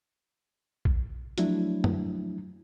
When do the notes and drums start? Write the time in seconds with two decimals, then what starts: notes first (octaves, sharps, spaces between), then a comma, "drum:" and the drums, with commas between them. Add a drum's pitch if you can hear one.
0.85 drum: kick A#1
1.38 F3 F#3 A3 D4 E4, drum: hi-hat
1.84 drum: tom F#2